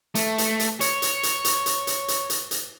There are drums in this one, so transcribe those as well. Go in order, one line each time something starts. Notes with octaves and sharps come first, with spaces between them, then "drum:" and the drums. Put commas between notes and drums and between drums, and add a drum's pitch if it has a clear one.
A3, drum: hi-hat
drum: hi-hat
drum: hi-hat
C#5, drum: hi-hat
drum: hi-hat
drum: hi-hat
drum: hi-hat
drum: hi-hat
drum: hi-hat
drum: hi-hat
drum: hi-hat
drum: hi-hat